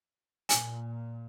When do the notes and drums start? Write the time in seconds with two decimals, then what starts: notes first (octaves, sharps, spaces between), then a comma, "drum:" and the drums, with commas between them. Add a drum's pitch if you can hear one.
0.49 A#2 G#5, drum: hi-hat